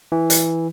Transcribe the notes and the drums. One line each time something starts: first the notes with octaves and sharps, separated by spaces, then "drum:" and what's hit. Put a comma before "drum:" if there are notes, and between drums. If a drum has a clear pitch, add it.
E3
drum: hi-hat